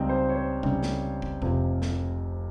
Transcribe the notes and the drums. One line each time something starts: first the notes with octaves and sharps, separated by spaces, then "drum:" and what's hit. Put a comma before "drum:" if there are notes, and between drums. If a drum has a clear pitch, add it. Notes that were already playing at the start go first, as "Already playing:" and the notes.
Already playing: C#2 C#3 G3 C4 D#4
C5
C#5
C5
C#2 C#3 G3 C4 D#4, drum: kick
drum: snare
drum: kick
F1 F2 C3 F3, drum: kick
drum: snare